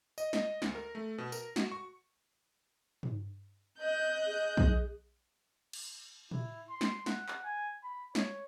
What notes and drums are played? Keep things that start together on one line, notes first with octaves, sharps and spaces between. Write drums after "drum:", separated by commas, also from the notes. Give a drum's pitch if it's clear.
D#5, drum: tambourine
D#5, drum: snare
D2, drum: snare
A#4
A3
B2
A#4, drum: tambourine
F#4, drum: snare
C#6
drum: tom
D#5 F#6 G6
G#4
drum: kick
drum: cymbal
E4, drum: tom
C6
drum: snare
F#5, drum: snare
drum: clap
G#5
B5
C#5, drum: snare